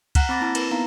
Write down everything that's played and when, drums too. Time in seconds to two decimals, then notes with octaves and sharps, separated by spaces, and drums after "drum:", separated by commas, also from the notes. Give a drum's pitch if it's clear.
0.15 F#5 A#5 F6 F#6 B6, drum: kick C#2, cymbal
0.29 C4 B5 D6 A6 A#6
0.40 A#3 C4 E4 A5
0.55 E4 A#4 B4, drum: cymbal
0.71 B3 D#4 F5 A#5